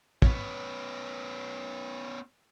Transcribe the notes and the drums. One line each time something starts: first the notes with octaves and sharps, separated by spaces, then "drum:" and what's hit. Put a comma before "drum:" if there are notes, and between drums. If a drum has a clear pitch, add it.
B3 C#4, drum: kick